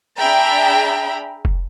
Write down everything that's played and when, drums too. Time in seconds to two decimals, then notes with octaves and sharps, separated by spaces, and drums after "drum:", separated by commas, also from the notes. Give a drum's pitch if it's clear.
0.18 D4 G#4 E5 G5 A#5 B5
1.45 drum: kick F1